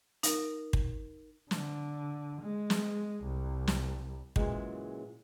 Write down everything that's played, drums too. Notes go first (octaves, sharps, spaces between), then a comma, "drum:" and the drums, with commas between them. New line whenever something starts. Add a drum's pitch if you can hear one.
D#4 A#4, drum: hi-hat
drum: kick
D3, drum: snare
G#3
drum: snare
C2
drum: snare
A#2 C#3 E3 F#3 G#3, drum: kick